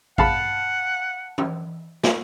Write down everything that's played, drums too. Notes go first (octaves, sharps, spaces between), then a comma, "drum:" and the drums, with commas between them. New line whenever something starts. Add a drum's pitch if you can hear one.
F5 F#5 A5 B5, drum: kick A1
drum: tom
drum: snare